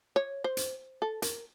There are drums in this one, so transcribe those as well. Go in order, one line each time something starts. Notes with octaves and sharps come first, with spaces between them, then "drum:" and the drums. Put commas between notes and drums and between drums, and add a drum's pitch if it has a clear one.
C#5
C5
drum: hi-hat
A4
A#4, drum: hi-hat